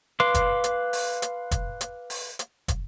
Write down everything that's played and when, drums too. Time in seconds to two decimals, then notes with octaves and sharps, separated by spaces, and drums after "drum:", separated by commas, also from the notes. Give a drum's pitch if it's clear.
0.20 B4 F5 C6 D6
0.34 drum: kick, hi-hat
0.64 drum: hi-hat
0.93 drum: open hi-hat
1.22 drum: hi-hat
1.51 drum: kick, hi-hat
1.81 drum: hi-hat
2.10 drum: open hi-hat
2.39 drum: hi-hat
2.68 drum: kick, hi-hat